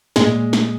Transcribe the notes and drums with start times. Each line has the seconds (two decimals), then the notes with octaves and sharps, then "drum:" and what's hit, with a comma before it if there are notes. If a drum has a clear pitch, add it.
0.16 A#2 G#3, drum: snare
0.53 drum: snare